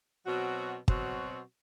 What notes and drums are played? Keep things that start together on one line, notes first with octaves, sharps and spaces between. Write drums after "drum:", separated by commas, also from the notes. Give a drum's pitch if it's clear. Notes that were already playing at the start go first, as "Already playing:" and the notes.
B2 F#3 C4 F#4
B2 F#3 C4 F#4, drum: kick